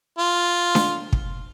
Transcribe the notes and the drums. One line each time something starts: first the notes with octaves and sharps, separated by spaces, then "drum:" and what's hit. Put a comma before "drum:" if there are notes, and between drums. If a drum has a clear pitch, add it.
F4
drum: snare D4
drum: kick